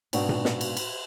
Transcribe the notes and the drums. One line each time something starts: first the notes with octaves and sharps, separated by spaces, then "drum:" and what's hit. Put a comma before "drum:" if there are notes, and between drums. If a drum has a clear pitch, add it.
G#2 B2 C4 D4 F#4, drum: cymbal
drum: tom A#2
drum: snare
drum: cymbal
drum: cymbal